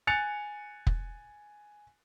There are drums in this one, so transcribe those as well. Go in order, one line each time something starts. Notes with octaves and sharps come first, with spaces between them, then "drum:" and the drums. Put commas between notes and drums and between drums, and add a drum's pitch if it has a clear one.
G#5 F#6 A6 C#7 F7
drum: kick